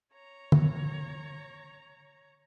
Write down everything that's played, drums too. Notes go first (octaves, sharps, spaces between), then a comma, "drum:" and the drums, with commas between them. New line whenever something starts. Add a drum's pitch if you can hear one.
C#5 A#5
drum: tom